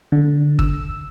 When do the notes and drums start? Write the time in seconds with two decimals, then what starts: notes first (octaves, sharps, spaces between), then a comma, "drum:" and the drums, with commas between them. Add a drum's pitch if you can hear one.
0.12 D3
0.59 E6, drum: kick